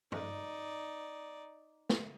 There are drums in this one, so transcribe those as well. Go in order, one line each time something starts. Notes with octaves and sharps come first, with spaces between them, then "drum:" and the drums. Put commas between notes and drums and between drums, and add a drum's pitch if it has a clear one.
D#4 D5, drum: tom
drum: snare